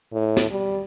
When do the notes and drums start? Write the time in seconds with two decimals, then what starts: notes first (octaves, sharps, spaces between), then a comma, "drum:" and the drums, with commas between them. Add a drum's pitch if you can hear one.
0.13 A2
0.37 drum: snare
0.51 G3